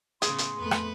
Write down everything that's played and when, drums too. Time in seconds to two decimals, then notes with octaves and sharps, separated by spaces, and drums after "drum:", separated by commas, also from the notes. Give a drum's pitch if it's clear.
0.22 A2 C#3 B3 G#4 C6, drum: hi-hat
0.38 drum: hi-hat
0.60 F2 A3 B3 B4
0.71 drum: rim click